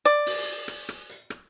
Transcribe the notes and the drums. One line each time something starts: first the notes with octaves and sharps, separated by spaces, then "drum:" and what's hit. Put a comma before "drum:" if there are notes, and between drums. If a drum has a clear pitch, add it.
D5
drum: open hi-hat
drum: rim click
drum: rim click
drum: hi-hat
drum: rim click